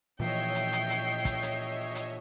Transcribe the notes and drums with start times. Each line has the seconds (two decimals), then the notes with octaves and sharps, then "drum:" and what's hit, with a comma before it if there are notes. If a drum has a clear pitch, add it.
0.20 A#2 E3 F3 C#5 D#5 E5 G5 C7
0.55 drum: hi-hat
0.72 drum: hi-hat
0.90 drum: hi-hat
1.25 drum: kick, hi-hat
1.43 drum: hi-hat
1.95 drum: hi-hat